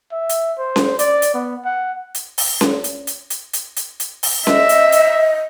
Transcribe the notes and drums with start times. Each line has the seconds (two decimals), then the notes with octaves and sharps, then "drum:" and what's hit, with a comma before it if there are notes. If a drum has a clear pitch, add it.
0.12 E5
0.29 drum: hi-hat
0.58 C5
0.76 drum: snare C#4
0.99 D5, drum: hi-hat
1.22 drum: hi-hat
1.34 B3
1.65 F#5
2.15 drum: hi-hat
2.38 drum: open hi-hat
2.61 drum: snare C#4
2.84 drum: hi-hat
3.07 drum: hi-hat
3.30 drum: hi-hat
3.53 drum: hi-hat
3.76 drum: hi-hat
4.00 drum: hi-hat
4.23 drum: open hi-hat
4.47 D#5 E5, drum: snare C#4
4.69 drum: hi-hat
4.92 drum: hi-hat